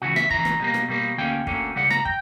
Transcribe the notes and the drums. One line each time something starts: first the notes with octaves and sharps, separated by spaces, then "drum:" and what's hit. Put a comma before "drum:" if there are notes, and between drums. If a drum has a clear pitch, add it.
C#2 C#3 E3 F#4
E5, drum: rim click
C#2 C#3 E3 A#5, drum: kick
drum: rim click
B2 G3 A#3
drum: rim click
B2 G3 A#3
D2 D3 A#3 C#4 G5
D2 D3 A#3 C#4, drum: kick
C#2 C#3 G3 F#5
A#5, drum: rim click
G5, drum: kick